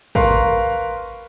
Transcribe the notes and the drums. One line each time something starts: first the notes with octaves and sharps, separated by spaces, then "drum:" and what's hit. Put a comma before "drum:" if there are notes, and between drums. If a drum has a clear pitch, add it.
A#4 B4 F5 C6 C#6, drum: kick